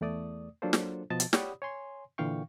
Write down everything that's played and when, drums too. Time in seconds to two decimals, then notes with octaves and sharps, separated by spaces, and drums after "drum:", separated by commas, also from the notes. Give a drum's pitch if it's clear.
0.01 E2 A3 D5 D#6
0.62 F#3 A#3 D4 F4 A4 C5
0.73 drum: snare
1.10 B2 F3 D#5 A5 A6
1.20 drum: hi-hat
1.33 G4 C#5 D5 F#5 B5 D#6, drum: snare
1.62 C#5 G#5 C6
2.18 A#2 D3 E3 F5 G5 C#6